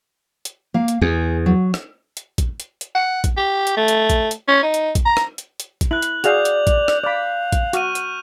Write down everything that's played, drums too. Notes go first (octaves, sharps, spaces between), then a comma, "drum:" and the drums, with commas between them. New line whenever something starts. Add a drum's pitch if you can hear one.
drum: hi-hat
A#3 F5
drum: hi-hat
E2 G#4
F#3
drum: rim click
drum: hi-hat
drum: kick, hi-hat
drum: hi-hat
drum: hi-hat
F#5
drum: kick, hi-hat
G4
drum: hi-hat
A3
drum: hi-hat
drum: kick, hi-hat
drum: hi-hat
C#4
D#4
drum: hi-hat
drum: kick, hi-hat
A#5
drum: rim click
drum: hi-hat
drum: hi-hat
drum: kick, hi-hat
E4 F#6 F#7
drum: hi-hat
F#4 G#4 D5 F5 G6 F7, drum: hi-hat
drum: hi-hat
drum: kick, hi-hat
drum: rim click
D5 F5 B5
drum: kick, hi-hat
F#4 C#6 F6 D#7, drum: hi-hat
drum: hi-hat